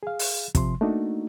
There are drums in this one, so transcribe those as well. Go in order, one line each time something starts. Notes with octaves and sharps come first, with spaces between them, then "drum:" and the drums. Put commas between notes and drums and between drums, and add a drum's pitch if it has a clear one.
G#4 F5
drum: open hi-hat
C3 F3 C6, drum: kick, hi-hat
A3 A#3 D4 D#4 F#4